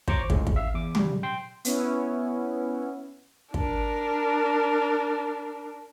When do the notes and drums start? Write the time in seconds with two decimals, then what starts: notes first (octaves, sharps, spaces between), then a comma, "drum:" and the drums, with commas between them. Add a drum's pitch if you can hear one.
0.08 C5 C#5 A#5 C#6 D6, drum: kick
0.30 A2 C#3 G#3, drum: kick
0.47 drum: kick
0.56 E5 F5
0.74 E2 D6
0.95 C#3 G3, drum: tom
1.23 G5 C6
1.65 B3 C#4 E4, drum: hi-hat
3.54 D4 A#4, drum: kick